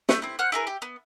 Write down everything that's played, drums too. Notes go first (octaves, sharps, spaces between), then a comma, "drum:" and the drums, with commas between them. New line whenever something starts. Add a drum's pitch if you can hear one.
A3 F#6 G6, drum: snare
C4 E4
C5 F#5 F6 F#6
E4 G#4 A#4 B4
G4
B3